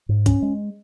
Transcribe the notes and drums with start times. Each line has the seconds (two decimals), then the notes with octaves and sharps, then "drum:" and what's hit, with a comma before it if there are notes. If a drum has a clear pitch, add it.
0.09 G#2
0.26 C#4, drum: kick, hi-hat
0.42 G#3